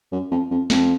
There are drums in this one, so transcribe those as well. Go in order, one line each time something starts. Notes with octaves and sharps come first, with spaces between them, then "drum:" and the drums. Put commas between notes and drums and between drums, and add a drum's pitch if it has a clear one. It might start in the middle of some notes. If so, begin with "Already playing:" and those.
F#2
F2
F2
F2, drum: snare